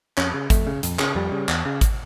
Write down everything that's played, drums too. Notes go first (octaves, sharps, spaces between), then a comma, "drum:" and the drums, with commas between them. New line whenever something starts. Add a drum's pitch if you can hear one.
F2 C#4, drum: clap
C#3
F2 A3, drum: kick G#1, hi-hat
C#3
F2, drum: hi-hat
C#3, drum: clap
F2 G3
C#3
E2, drum: clap
C#3
drum: kick G#1, hi-hat